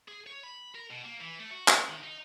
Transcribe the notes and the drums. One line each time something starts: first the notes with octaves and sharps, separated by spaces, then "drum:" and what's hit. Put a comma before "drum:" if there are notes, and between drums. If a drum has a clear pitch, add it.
G#4
C#5
B5
A#4
B2
A#3
E3
A3
F#4
G#3, drum: clap
D#3
D#4